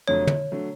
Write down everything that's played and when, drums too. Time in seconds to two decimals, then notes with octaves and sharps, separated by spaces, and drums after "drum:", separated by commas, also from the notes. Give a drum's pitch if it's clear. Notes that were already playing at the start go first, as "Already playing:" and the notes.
0.08 F1 F2 D3 F#3 A3 C#5
0.27 drum: tom
0.52 D3 F#3 A3